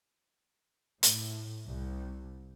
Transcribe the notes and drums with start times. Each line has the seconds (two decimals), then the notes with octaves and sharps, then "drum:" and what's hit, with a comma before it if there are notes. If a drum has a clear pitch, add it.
1.03 A2, drum: hi-hat
1.66 C2